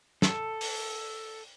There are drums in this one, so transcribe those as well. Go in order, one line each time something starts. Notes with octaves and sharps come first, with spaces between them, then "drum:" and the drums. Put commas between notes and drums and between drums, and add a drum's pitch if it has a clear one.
A4, drum: snare
drum: open hi-hat